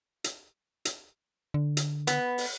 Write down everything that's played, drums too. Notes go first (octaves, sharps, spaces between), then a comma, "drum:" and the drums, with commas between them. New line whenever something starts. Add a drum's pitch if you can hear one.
drum: hi-hat
drum: hi-hat
D3
drum: hi-hat
B3, drum: hi-hat
drum: open hi-hat